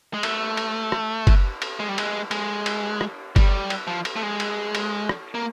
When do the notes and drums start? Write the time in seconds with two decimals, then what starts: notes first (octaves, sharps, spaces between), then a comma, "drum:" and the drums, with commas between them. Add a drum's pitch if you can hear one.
0.14 G#3
0.23 A3, drum: cymbal
0.57 drum: cymbal
0.92 drum: rim click
1.27 drum: kick F#1, cymbal
1.62 drum: cymbal
1.80 G#3
1.89 G3
1.98 G#3, drum: cymbal
2.31 G#3, drum: cymbal
2.66 drum: cymbal
3.01 drum: rim click
3.36 G3, drum: kick F#1, cymbal
3.70 drum: cymbal
3.87 F3
4.05 drum: cymbal
4.16 A3
4.23 G#3
4.40 drum: cymbal
4.75 drum: cymbal
5.09 drum: rim click
5.35 A#3